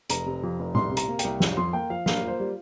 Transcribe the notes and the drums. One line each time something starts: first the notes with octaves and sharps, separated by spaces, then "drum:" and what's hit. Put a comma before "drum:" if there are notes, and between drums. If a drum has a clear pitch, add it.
F1 A#5, drum: hi-hat
C3
F2
F1
C2 C6, drum: tom A#2
C3
A#5, drum: hi-hat
A#3
G5, drum: hi-hat
C2
F2, drum: snare
F2 C6
A#3 G5
F3 F5
A#3 F5, drum: snare
F4 C5
G3